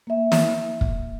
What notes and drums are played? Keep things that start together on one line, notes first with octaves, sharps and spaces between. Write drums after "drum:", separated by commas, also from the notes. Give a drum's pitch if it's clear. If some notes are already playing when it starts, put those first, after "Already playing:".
A#3 E5
drum: snare
drum: kick